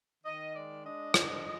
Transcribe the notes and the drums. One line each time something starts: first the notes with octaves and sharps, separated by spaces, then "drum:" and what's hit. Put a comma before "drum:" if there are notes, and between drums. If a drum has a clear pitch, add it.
D#3 D#5
G#3 D5
D4 D#5
G#3, drum: rim click
D#5